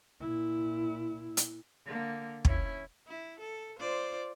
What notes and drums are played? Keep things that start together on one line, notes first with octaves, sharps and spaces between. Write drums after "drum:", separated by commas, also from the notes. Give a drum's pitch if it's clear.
A#2 E4
drum: hi-hat
D3 A#3
C#4 E4, drum: kick
E4
A4
F4 C5 D5